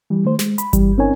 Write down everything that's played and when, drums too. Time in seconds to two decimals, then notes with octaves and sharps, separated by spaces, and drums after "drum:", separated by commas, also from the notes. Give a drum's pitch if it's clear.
0.10 E3 G3
0.25 D#3 A3 C5
0.39 G#3, drum: snare
0.58 B5, drum: hi-hat
0.73 E3 G3, drum: kick G1, hi-hat
0.98 C4 C#4 D#4 A#4 C#5 G#5